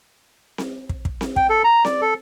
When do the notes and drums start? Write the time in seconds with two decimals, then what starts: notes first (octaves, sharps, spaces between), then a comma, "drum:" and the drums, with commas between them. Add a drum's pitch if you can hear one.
0.58 drum: snare C4
0.89 drum: kick
1.05 drum: kick
1.21 drum: snare C4
1.36 G5, drum: kick
1.50 A4
1.64 A#5
1.85 D5, drum: snare C4
2.01 A4